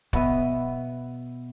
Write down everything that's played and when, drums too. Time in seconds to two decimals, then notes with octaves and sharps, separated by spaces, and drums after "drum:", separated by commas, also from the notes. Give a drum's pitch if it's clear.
0.13 B2 B3 E5 D#7, drum: kick